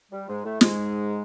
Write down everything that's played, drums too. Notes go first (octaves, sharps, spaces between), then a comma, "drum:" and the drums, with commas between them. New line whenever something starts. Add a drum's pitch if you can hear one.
G3
G#2 G#3
A2 A3
G#2 G#3, drum: snare